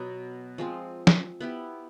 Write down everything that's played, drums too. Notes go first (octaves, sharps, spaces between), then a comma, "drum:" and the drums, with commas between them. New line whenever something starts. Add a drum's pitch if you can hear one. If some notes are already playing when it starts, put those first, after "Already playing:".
Already playing: B2 F#3 B3
F3 G#3 C4
drum: snare
B3 E4 G4